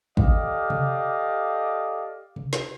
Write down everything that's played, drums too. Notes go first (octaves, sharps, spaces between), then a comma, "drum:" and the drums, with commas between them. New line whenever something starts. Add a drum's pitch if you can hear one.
G4 A4 D5 D#5 F5, drum: kick
drum: tom C3
drum: tom C3
drum: snare